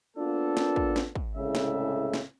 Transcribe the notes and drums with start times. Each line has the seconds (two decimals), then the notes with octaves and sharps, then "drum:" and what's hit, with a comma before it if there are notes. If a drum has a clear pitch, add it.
0.16 A#3 B3 D4 F4 A4
0.57 drum: snare
0.76 drum: kick
0.96 drum: snare
1.15 drum: kick
1.35 C2 A2 C#3 G#3 E5
1.55 drum: snare
2.13 drum: snare